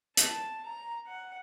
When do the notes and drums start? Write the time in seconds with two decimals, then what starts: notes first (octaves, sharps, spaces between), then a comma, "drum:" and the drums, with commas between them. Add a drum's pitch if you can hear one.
0.17 A5, drum: hi-hat
0.67 A#5
1.07 F#5